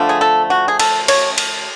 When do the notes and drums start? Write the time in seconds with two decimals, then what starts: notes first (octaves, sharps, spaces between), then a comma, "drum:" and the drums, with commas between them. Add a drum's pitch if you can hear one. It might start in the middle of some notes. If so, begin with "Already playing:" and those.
Already playing: D3 F3 A3
0.09 G#4
0.21 A4
0.50 F#4
0.68 G#4
0.80 A4, drum: cymbal
1.08 C#5, drum: cymbal
1.38 drum: cymbal